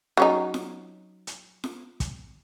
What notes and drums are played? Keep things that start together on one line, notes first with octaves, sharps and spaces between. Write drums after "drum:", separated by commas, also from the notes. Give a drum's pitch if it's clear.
F#3 C#4 D#4
drum: snare F4
drum: hi-hat
drum: snare F4
drum: kick, hi-hat